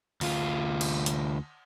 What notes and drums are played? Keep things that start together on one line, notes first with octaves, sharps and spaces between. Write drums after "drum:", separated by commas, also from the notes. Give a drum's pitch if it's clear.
D2 F4, drum: open hi-hat
drum: cymbal
drum: hi-hat